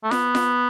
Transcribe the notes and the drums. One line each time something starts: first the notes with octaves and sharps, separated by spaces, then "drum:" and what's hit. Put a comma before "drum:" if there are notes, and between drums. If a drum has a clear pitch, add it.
A3
B3, drum: snare F4
drum: snare F4